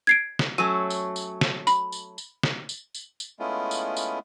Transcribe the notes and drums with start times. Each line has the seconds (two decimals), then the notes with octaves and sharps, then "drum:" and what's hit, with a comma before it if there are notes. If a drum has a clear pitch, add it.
0.07 G#6 C7 D7
0.39 drum: snare
0.58 F#3 A3 C#4 D#7
0.90 drum: tambourine
1.16 drum: tambourine
1.41 drum: snare
1.67 B5, drum: tambourine
1.92 drum: tambourine
2.18 drum: tambourine
2.43 drum: snare
2.69 drum: tambourine
2.95 drum: tambourine
3.20 drum: tambourine
3.40 G#3 A3 B3 C#4 E4 F4
3.71 drum: tambourine
3.97 drum: tambourine